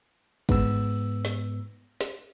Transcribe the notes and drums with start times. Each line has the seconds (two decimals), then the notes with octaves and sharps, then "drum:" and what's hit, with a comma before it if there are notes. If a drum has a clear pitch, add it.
0.49 G#2 B3 E6, drum: kick, cymbal
1.25 drum: snare
2.01 drum: snare